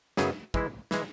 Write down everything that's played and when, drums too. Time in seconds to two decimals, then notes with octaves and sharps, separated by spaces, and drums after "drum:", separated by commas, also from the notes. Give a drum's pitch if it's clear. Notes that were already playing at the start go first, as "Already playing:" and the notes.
0.17 F#2 C#3 F#3 B3 G#4, drum: snare
0.54 E3 G#3 E4, drum: kick
0.91 E3 G#3, drum: snare